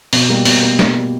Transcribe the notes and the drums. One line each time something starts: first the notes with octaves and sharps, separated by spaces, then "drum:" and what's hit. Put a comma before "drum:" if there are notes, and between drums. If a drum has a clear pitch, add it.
B2, drum: open hi-hat
G3 A#3
B2, drum: open hi-hat
A#3
drum: snare